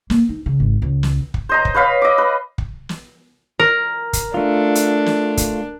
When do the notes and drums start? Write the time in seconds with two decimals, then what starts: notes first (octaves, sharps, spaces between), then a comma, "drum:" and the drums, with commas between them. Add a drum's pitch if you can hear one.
0.10 A#3, drum: snare
0.29 D#4
0.46 C#3
0.60 G#1
0.82 C#2
1.03 drum: snare
1.34 drum: kick
1.49 C5 D#5 A#5
1.65 drum: kick
1.74 B4 C#5 F5 B5
2.02 D#5 D6
2.18 B4
2.58 drum: kick
2.89 drum: snare
3.59 A#4
4.13 drum: kick, hi-hat
4.34 A3 D4 F4
4.75 drum: hi-hat
5.06 drum: snare
5.37 drum: kick, hi-hat